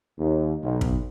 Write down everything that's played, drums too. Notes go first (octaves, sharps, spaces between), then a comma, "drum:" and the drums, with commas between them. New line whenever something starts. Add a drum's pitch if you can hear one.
D#2
B1
drum: kick